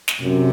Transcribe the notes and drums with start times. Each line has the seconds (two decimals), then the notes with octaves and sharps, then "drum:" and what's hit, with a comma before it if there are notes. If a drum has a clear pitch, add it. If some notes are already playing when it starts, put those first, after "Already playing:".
0.08 drum: snare
0.22 F#2 C3